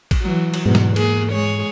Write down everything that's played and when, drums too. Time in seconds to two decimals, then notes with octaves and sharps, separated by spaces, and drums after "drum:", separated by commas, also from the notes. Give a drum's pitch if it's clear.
0.11 drum: kick A1, cymbal
0.21 E3 F#3
0.54 drum: cymbal
0.66 E2 G#2 B2 F#3
0.75 drum: snare
0.96 A#3 G#4, drum: cymbal
1.32 G#3 G#4 C#5